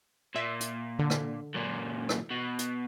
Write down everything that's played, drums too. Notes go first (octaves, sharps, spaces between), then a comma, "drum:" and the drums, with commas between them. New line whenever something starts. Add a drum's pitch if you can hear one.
A#2 E5
drum: hi-hat
D3
drum: rim click
F#2 A#2
drum: rim click
B2
drum: hi-hat